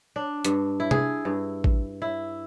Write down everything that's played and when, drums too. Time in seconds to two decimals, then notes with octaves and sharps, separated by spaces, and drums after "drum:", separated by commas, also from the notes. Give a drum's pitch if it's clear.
0.16 D4
0.45 G2, drum: hi-hat
0.80 E4
0.91 G#4, drum: tom C3
1.25 G2
1.64 drum: kick A1
2.02 E4